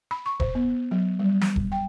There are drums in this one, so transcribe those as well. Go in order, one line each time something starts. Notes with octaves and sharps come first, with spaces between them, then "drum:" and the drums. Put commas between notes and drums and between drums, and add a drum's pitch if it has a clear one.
B5
C#6
C5, drum: kick E1
B3
F#3
G3
drum: snare
drum: kick E1
G5